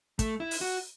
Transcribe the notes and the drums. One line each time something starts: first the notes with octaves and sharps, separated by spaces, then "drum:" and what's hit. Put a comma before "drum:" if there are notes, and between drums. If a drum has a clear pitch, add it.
A3, drum: kick, hi-hat
E4
drum: open hi-hat
F#4